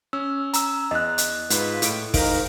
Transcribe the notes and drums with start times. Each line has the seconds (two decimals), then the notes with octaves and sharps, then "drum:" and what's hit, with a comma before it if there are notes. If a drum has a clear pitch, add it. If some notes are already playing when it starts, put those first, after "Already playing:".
0.13 C#4 E6
0.54 A#5 E6, drum: hi-hat
0.91 E2 D#5 F#6
1.18 drum: hi-hat
1.50 G#2 F4 B4, drum: hi-hat
1.82 A2 D7, drum: hi-hat
2.14 G#2 D#4 A#4 F5 D7, drum: kick, open hi-hat